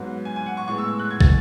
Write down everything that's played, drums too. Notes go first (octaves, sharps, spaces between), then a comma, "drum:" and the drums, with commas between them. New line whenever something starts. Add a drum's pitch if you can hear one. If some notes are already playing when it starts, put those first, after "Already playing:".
Already playing: G#2 F#3 B3
G#5
G#5
F#5
C#6
A2 G#3 B3 C#6
E6
E6
F#6
G#6
A6, drum: kick